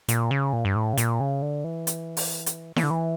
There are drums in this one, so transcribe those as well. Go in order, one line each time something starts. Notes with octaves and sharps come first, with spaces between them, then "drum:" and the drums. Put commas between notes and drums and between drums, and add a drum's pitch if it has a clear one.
A#2, drum: hi-hat
C#3
A#2
G2
A2
C#3
A#2, drum: hi-hat
C#3
D3
E3
drum: hi-hat
drum: open hi-hat
drum: hi-hat
E3, drum: snare E4
D3
E3